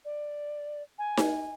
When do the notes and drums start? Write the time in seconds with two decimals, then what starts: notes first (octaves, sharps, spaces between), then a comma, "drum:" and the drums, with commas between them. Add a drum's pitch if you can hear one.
0.05 D5
0.98 G#5
1.17 drum: snare D#4